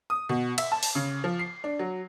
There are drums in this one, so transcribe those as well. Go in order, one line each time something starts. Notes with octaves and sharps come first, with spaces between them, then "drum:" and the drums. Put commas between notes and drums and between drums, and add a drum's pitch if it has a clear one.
D#6
B2
E5, drum: cymbal
A5
drum: open hi-hat
C#3
F3
C7
D4
F#3